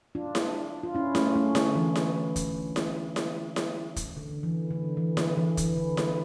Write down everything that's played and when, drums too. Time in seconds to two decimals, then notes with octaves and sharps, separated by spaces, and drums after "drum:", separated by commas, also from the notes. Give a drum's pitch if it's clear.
0.15 D4 F4
0.35 drum: snare E4
0.83 F4
0.95 C#4 E4
1.15 A3 C#4, drum: snare E4
1.36 A3 C#4
1.55 D3, drum: snare E4
1.75 E3
1.96 drum: snare E4
2.36 drum: kick, hi-hat
2.76 drum: snare E4
3.16 drum: snare E4
3.56 drum: snare E4
3.96 drum: kick, hi-hat
4.17 D3
4.43 E3
4.71 D3
4.97 E3
5.17 D3, drum: snare E4
5.37 E3
5.57 E3, drum: kick, hi-hat
5.77 D3
5.97 drum: snare E4